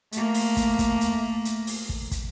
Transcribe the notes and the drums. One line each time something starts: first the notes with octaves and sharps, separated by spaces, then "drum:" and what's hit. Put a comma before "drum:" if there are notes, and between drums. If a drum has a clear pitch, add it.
A3 A#3, drum: hi-hat
drum: open hi-hat
drum: kick, hi-hat
drum: kick, hi-hat
drum: hi-hat
drum: hi-hat
drum: open hi-hat
drum: kick
drum: kick, hi-hat